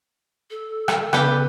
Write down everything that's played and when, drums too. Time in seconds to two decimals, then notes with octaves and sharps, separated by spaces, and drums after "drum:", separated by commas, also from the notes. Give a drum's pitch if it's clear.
0.51 A4
0.88 drum: rim click
1.13 C#3 B3 D4 G4 B4, drum: rim click